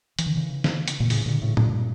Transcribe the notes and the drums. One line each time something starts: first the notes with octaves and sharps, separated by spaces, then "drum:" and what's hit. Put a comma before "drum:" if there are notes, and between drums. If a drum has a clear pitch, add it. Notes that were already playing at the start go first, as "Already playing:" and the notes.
E3, drum: hi-hat
D3
C#3 E3
drum: snare
drum: hi-hat
A#2
A2 C#3, drum: open hi-hat
A#2 D3
A2 C#3
G2 A#2, drum: tom A2